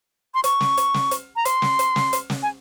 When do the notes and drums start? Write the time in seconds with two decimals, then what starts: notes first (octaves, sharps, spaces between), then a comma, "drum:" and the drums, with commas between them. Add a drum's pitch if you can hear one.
0.35 C6
0.44 C#6, drum: hi-hat
0.61 drum: snare
0.77 drum: hi-hat
0.94 drum: snare
1.11 drum: hi-hat
1.36 A#5
1.45 C6, drum: hi-hat
1.62 drum: snare
1.79 drum: hi-hat
1.96 drum: snare
2.13 drum: hi-hat
2.30 drum: snare
2.43 G#5